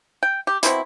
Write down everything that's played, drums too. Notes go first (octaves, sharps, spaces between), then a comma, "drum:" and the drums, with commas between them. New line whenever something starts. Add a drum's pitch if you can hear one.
G5
G4
B2 F3 C4 E4, drum: hi-hat